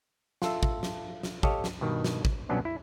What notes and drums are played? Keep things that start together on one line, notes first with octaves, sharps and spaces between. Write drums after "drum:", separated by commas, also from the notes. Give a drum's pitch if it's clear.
F4 A4 E5, drum: snare
drum: kick
drum: snare
drum: snare
G4 A4 C#5 D#5 F5, drum: kick
drum: snare
G2 B2 D#3
drum: snare
drum: kick
G2 B2 F#3 B3 C#4 D4
E4